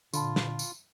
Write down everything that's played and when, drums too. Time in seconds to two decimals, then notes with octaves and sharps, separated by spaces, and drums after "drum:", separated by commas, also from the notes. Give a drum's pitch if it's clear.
0.14 A#2 D3 F4 A5 B5 C6, drum: tambourine
0.36 drum: snare
0.59 drum: tambourine